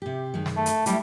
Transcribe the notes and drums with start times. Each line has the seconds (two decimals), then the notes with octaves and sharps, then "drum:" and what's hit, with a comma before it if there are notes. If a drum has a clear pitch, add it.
0.02 C3 G4
0.34 F#2 D#3 G#3
0.46 drum: snare
0.57 A3
0.66 drum: hi-hat
0.86 F#3 G3 A3 E4, drum: hi-hat